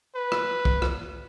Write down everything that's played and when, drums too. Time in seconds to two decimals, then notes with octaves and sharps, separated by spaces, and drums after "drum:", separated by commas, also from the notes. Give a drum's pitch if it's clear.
0.15 B4
0.32 drum: rim click
0.65 drum: kick B1
0.82 drum: rim click